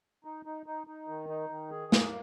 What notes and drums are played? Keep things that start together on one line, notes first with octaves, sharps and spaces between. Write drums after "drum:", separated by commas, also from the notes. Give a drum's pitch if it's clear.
D#4
D#4
D#4
D#4
D#3
D#4
D#3
G#4
A#3, drum: snare